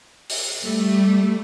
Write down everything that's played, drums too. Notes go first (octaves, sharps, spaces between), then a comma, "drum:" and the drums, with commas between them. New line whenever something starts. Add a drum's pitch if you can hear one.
drum: open hi-hat
G3 A3